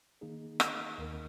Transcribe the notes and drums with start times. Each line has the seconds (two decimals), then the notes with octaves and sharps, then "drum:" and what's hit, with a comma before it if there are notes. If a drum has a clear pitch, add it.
0.21 D#3 A#3 D#4 G#4
0.60 drum: rim click
0.98 D#2 D#3 A#3 D#4 A#4